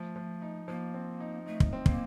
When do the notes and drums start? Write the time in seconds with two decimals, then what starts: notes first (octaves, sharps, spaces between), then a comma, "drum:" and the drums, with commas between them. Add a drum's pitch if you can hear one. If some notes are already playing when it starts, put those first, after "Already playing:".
Already playing: F3 A3
0.16 F3
0.42 D#4
0.68 F3 A#3
0.94 C4
1.20 D#4
1.46 A3 D#4
1.60 drum: kick
1.73 C4
1.86 A#3, drum: kick